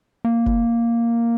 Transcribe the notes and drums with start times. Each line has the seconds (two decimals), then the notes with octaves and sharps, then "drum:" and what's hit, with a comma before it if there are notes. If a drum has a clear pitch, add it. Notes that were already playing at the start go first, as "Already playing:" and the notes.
0.25 A#3
0.46 drum: kick